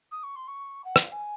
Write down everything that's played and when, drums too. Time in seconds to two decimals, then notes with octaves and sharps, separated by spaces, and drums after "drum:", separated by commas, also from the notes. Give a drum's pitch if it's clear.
0.12 D#6
0.23 C#6
0.36 C6
0.48 C#6
0.85 F#5
0.96 F5, drum: rim click
1.12 G#5